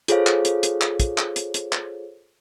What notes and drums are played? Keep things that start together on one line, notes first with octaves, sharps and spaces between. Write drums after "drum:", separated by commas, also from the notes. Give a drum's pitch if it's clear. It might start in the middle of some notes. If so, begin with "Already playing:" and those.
F4 G#4 A4 C5 C#5 F5, drum: hi-hat
drum: clap
drum: hi-hat
drum: hi-hat
drum: clap
drum: kick, hi-hat
drum: clap
drum: hi-hat
drum: hi-hat
drum: clap